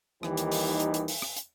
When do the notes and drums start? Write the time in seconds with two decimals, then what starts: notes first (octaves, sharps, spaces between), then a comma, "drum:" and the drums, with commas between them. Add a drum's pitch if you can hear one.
0.23 D#2 D#3 E3 G3 D#4 G4, drum: rim click
0.37 drum: hi-hat
0.52 drum: open hi-hat
0.80 drum: hi-hat
0.94 drum: hi-hat
1.08 drum: open hi-hat
1.22 drum: rim click
1.36 drum: hi-hat